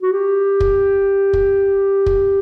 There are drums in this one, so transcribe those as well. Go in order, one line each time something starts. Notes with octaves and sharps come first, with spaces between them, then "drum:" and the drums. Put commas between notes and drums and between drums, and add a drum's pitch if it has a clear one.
F#4
G4
drum: kick
drum: kick
drum: kick